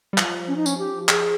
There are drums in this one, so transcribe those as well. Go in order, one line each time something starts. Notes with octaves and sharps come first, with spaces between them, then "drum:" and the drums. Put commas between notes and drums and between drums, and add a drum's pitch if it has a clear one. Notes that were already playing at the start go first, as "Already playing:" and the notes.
G3
F3, drum: clap
C#4
D#4
C#4, drum: tambourine
G4
G#4, drum: clap